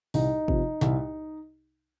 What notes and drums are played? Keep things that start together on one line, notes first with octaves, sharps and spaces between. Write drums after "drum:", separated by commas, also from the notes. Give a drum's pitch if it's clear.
C2 D#4, drum: open hi-hat
C3 F3, drum: kick
C2, drum: snare